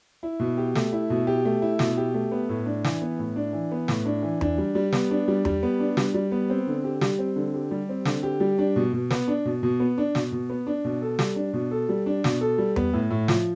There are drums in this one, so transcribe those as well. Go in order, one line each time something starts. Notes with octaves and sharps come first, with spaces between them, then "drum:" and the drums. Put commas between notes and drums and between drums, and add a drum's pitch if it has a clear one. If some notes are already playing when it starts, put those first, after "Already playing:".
E4
B2
G4
A3, drum: snare
E4
B2
G4
A3
E4
B2, drum: snare
G4
A3
B3
A2
D4
E3, drum: snare
B3
A2
D4
E3
B3
A2, drum: snare
D4
E3
D4, drum: tom E2
G3
G3
B3, drum: snare
D4
G3
G3, drum: tom E2
B3
D4
G3, drum: snare
G3
B3
C4
D3
G4
G3, drum: snare
C4
D3
G4
G3
C4
D3, drum: snare
G4
G3
D4
B2
B2
B3, drum: snare
D4
B2
B2
B3
D4
B2, drum: snare
B2
B3
D4
B2
A4
G3, drum: snare
D4
B2
A4
G3
D4
B2, drum: snare
A4
G3
B3, drum: tom E2
A2
A2
F3, drum: snare